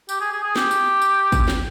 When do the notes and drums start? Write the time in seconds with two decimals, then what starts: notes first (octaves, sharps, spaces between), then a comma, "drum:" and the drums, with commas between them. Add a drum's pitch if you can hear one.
0.09 G4, drum: tambourine
0.21 G#4
0.32 G#4
0.44 G#4
0.56 G4, drum: snare
0.71 drum: tambourine
1.02 drum: tambourine
1.32 drum: kick, tambourine
1.48 drum: snare